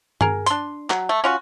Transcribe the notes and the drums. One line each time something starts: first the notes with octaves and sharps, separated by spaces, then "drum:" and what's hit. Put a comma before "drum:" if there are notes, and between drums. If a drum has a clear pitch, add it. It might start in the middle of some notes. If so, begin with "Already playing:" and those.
G#4 A#4, drum: tom G2
D4 C6, drum: hi-hat
F#3, drum: clap
A3
C#4 F4 F#4